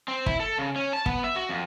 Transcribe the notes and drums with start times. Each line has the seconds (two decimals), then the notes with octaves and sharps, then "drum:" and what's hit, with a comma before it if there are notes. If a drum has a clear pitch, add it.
0.08 C4
0.26 E4, drum: kick
0.40 A4
0.58 C#3
0.76 C#4
0.93 A5
1.06 B3, drum: kick
1.24 E5
1.36 F#4
1.49 F2